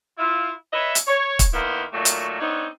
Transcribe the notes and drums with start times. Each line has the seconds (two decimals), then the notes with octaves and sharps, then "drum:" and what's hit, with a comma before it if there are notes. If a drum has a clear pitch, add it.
0.18 E4 F4
0.73 B4 C#5 D#5 E5
0.95 drum: hi-hat
1.08 C#5
1.39 drum: kick, hi-hat
1.54 D#3 A#3 B3 E4 C5
1.93 A#2 D#3 F#3 A3 F#4
2.05 drum: hi-hat
2.40 B3 C4 D4 D#4 C#5